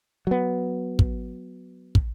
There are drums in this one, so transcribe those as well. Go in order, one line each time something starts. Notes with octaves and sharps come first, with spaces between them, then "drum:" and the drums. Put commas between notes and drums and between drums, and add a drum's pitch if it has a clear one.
F#3 B3
drum: kick
drum: kick